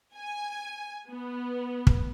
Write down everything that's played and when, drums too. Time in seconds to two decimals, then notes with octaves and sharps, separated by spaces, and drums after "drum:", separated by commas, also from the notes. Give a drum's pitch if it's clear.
0.17 G#5
1.09 B3
1.87 drum: kick